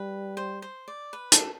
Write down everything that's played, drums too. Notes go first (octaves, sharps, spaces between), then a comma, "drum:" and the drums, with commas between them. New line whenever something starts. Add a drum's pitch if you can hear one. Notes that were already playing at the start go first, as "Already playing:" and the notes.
Already playing: G3 B4
C5
C5
D5
B4
A4, drum: hi-hat